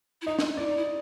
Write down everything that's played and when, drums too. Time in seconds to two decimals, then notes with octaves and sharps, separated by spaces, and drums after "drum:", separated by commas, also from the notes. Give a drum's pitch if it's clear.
0.22 E4
0.27 D#4 D#5
0.39 drum: snare
0.57 E4 D5
0.68 D#4
0.77 E4